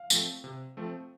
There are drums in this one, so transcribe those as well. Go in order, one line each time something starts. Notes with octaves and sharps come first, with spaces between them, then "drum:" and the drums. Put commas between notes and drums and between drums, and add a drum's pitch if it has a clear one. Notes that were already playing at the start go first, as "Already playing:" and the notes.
Already playing: F5
F3 A3 C4, drum: tambourine
C3
F3 A3 C4